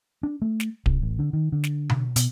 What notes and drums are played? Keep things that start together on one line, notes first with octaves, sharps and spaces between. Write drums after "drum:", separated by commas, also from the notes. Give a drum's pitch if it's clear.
D4
A3
drum: snare
C2, drum: kick D1
A1
D3
D#3
D3
drum: snare
drum: tom B2
B2, drum: hi-hat